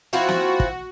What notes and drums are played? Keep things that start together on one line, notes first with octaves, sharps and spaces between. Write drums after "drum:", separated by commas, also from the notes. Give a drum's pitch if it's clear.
F3 C4 E4 F#4
drum: snare
drum: kick